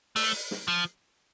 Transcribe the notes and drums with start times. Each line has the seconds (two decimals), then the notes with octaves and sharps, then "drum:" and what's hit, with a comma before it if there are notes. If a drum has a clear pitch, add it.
0.16 A3, drum: open hi-hat
0.51 drum: snare
0.68 F3